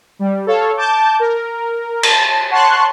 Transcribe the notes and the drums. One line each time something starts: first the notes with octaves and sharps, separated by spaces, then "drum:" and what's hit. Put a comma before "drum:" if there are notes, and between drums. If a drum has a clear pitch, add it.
G3
A4 C#5 F5
A5 D6 G6
A#4
A5, drum: cymbal
C#5 F#5 A5 C6 C#6 F#6